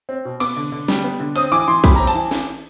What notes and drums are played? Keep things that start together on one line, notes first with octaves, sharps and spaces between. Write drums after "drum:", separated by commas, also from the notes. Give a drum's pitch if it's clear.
C4
B2
B3 D6, drum: cymbal
D3
D3
G3, drum: snare
B3
D3
C4 D#6, drum: cymbal
E3 D6
E3 C6
G3 B5, drum: kick, cymbal
C4 A#5
A5, drum: cymbal
E3
drum: snare